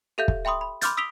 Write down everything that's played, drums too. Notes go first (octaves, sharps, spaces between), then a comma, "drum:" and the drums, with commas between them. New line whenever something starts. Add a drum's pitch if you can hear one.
G4 A4 E5 F5 G6
drum: kick
E5 G5 B5 C6 D#6
B5
B5 C6 D6 F6 G6 A6, drum: hi-hat
D#6 E6 B6 D7 F7 G7